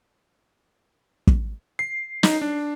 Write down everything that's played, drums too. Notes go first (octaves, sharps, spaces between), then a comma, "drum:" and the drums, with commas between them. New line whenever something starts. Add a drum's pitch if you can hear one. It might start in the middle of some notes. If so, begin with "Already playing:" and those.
drum: kick
C7
D#4, drum: snare
D4